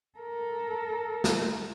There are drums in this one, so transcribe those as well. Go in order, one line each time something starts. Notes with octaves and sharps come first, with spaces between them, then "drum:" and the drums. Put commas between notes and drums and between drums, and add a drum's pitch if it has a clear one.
A4 A#4
drum: snare